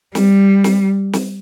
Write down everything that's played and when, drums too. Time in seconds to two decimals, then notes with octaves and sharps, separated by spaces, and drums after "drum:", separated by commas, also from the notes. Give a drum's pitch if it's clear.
0.15 G3, drum: snare
0.64 drum: snare
1.13 drum: snare